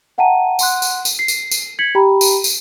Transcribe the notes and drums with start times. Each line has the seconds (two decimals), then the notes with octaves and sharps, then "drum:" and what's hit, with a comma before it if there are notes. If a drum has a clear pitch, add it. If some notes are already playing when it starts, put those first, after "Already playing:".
0.18 E5 F#5 G5 A5 A#5 D#7
0.59 F#5 C6 F#6, drum: tambourine
0.82 drum: tambourine
1.05 drum: tambourine
1.19 C7
1.28 drum: tambourine
1.51 drum: tambourine
1.79 G#6 B6 C#7 F#7
1.95 G4 G5 A#5 B5
2.21 drum: tambourine
2.44 drum: tambourine